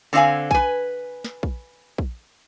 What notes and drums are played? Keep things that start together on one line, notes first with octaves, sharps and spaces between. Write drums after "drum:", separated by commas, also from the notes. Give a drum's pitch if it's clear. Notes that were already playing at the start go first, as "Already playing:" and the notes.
D3 C4 C#5 D#5 F5 G#5
B4 G#5, drum: kick
drum: snare
drum: kick
drum: kick